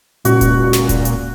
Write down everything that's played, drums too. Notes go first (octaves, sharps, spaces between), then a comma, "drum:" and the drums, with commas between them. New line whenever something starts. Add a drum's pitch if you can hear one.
C#2 A#2 F#4, drum: hi-hat
drum: kick D#1, hi-hat
drum: snare
drum: kick D#1, hi-hat
drum: hi-hat